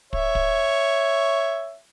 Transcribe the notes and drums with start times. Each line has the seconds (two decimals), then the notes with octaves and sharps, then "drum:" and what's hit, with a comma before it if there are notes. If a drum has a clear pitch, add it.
0.13 C#5 E5, drum: kick
0.35 drum: kick